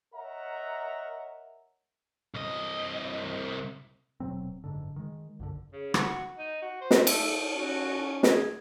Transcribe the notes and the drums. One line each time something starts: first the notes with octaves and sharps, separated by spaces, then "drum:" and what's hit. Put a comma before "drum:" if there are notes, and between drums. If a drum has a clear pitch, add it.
A#4 C#5 D#5 E5 F#5 A#5
C2 D#5
D#1 B2 F#3 C4
F#1 G#2 D3
D#3 G#3
A#1 F#2 D3
C#3
F#4, drum: rim click
D#4
F#4
C5
drum: snare
A3, drum: cymbal
C#4 F#4
G#4, drum: snare